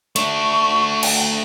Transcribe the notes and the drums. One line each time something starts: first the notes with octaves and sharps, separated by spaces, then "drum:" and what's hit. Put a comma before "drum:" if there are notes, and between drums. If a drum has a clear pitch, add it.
A3 D4 C#6, drum: hi-hat
drum: cymbal